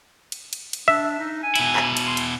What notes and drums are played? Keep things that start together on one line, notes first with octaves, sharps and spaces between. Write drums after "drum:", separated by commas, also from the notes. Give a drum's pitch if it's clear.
drum: cymbal
drum: cymbal
drum: cymbal
D4 E5
D#4
G#5
B2 E4, drum: cymbal
drum: clap
drum: cymbal
C6
drum: cymbal